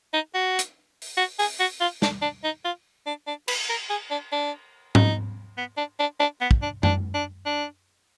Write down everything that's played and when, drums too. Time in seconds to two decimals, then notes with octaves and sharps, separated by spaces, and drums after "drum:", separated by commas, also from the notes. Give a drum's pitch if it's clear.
0.13 D#4
0.34 F#4
0.59 drum: hi-hat
1.02 drum: open hi-hat
1.17 F#4
1.39 G#4, drum: open hi-hat
1.60 F#4
1.81 F4
2.02 D4, drum: snare
2.22 D4
2.44 D#4
2.65 F4
3.07 D4
3.27 D4
3.48 B4, drum: cymbal
3.69 A#4
3.90 G#4
4.11 D4
4.32 D4
4.95 D#4, drum: tom G#2
5.58 B3
5.77 D4
6.00 D4
6.20 D4
6.41 B3
6.51 drum: kick
6.62 D4
6.83 D4, drum: tom F#2
7.14 D4
7.46 D4